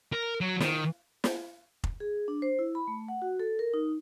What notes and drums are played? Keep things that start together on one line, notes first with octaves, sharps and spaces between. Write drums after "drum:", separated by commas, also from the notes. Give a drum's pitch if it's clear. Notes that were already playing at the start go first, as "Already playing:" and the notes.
A#4
F#3
D#3, drum: snare
drum: snare
drum: kick
G#4
D4
C5
E4
B5
A3
F#5
F#4
A4
A#4
D#4